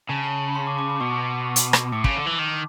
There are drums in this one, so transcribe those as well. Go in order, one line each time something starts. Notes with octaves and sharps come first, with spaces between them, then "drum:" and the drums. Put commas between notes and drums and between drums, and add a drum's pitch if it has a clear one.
C#3 A5
A5
C6
D6
D6
D6
B2 C#6
drum: hi-hat
drum: rim click
A2 D6
C#3, drum: kick
D3
E3
D#3